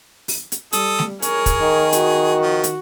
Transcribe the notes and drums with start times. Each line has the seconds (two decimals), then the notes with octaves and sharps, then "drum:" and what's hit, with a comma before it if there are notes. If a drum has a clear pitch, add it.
0.28 drum: open hi-hat
0.52 drum: hi-hat
0.73 G3 A4 D#6, drum: hi-hat
0.99 drum: snare A3
1.22 G#4 A#4 C#5, drum: hi-hat
1.46 drum: kick, hi-hat
1.61 D#3
1.92 F#4, drum: hi-hat
2.42 F3
2.64 drum: hi-hat